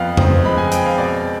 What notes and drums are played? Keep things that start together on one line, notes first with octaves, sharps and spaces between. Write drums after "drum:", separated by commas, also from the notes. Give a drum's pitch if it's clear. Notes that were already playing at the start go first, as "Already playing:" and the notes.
Already playing: F2 B3 F5
C4, drum: tom F2
G#3 B5
G#5
C4 G5, drum: hi-hat
F5
B2 D5